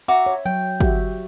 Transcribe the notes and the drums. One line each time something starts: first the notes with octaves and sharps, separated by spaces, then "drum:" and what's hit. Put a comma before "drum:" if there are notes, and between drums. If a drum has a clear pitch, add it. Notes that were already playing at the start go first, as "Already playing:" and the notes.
F#4 E5 A#5 D6
C#5
F#3 G5
F#4 G4 E5, drum: kick